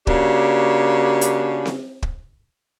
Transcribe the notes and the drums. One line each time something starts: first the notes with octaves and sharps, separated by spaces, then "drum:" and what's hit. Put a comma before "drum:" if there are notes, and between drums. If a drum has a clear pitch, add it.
C#3 A#3 D4 F#4 G4, drum: kick
drum: hi-hat
drum: snare C4
drum: kick